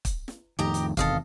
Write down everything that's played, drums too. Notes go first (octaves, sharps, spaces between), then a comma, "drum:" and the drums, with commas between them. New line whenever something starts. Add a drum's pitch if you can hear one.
drum: kick, hi-hat
drum: snare
F2 A2 D#3 G4 D#5 A#5
drum: hi-hat
E2 C3 D#3 A4 D#5 F5, drum: kick, hi-hat